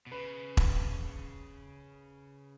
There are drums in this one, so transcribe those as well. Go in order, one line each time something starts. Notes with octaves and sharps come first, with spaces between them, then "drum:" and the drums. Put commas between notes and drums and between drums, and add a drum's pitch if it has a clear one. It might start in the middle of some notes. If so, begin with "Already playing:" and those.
B2
C#3 B4
drum: kick E1